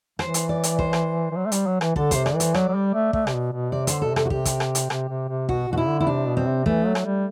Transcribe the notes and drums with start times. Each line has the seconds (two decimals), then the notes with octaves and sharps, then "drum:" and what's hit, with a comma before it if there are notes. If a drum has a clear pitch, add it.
0.19 E3 C5, drum: rim click
0.34 drum: hi-hat
0.49 D5
0.63 drum: hi-hat
0.79 C5, drum: kick
0.93 drum: rim click
1.31 E3
1.36 F#3
1.46 A3
1.52 G3, drum: hi-hat
1.67 F#3
1.81 E3, drum: rim click
1.96 D3 A4, drum: kick
2.11 C3 C5, drum: kick, hi-hat
2.26 D5, drum: rim click
2.35 E3
2.40 C5, drum: hi-hat
2.54 F#3 D5, drum: rim click
2.69 F#3
2.74 G3
2.94 A3
3.13 A3, drum: kick
3.27 C3, drum: rim click
3.33 B2
3.52 B2
3.72 C3 D5
3.87 D3 C5, drum: hi-hat
4.02 B2 A4
4.11 C3
4.16 A4, drum: rim click
4.25 F#4
4.30 C3 G4, drum: kick
4.45 drum: kick, hi-hat
4.60 drum: rim click
4.75 drum: hi-hat
4.90 C3, drum: rim click
5.09 C3
5.28 C3
5.49 B2 F#4, drum: kick
5.68 B2 F#4
5.77 E4
5.88 D3
6.00 E4
6.07 C3 D4
6.27 B2
6.37 C4
6.46 C3
6.66 E3 A3, drum: kick
6.86 F#3
6.95 drum: rim click
7.05 G3